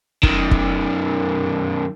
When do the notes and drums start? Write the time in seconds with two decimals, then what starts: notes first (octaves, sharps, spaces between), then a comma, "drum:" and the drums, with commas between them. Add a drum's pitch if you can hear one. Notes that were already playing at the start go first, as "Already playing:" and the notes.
0.23 F#2 D#3, drum: kick
0.51 drum: kick